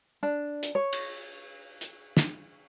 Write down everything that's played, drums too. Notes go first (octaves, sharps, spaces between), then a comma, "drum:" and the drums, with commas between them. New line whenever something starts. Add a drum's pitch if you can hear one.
D4
drum: hi-hat
C#5
drum: cymbal
drum: hi-hat
drum: snare